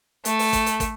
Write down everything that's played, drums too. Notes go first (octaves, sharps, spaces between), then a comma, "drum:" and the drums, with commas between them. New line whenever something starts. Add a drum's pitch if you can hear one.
A3, drum: hi-hat
drum: open hi-hat
drum: kick, hi-hat
drum: hi-hat
drum: kick, hi-hat